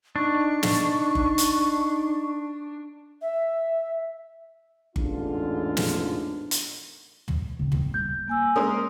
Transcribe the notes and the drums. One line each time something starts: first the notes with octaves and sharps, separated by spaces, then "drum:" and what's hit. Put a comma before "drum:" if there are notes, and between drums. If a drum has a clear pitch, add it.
D4 D#4 C#6
drum: snare
drum: kick G1
drum: hi-hat
E5
A1 E2 G#2 D3 D4 F4, drum: kick G1
drum: snare
drum: hi-hat
drum: tom
C#3 C4
C4 C#4, drum: tom
G3 G6
A#3 G#5 E6
G#3 C#4 A#4 C6 D#6